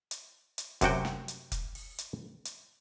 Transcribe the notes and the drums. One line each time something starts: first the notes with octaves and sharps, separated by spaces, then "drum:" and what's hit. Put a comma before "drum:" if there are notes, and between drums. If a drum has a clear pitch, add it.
drum: hi-hat
drum: hi-hat
F#2 C3 F#4 G5, drum: kick F1, hi-hat
drum: snare
drum: hi-hat
drum: kick F1, hi-hat
drum: open hi-hat
drum: hi-hat
drum: hi-hat